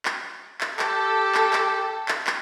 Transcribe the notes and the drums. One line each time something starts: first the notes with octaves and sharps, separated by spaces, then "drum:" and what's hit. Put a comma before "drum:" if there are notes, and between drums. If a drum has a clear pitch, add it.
drum: clap
drum: clap
G4 A4, drum: clap
drum: clap
drum: clap
drum: clap
drum: clap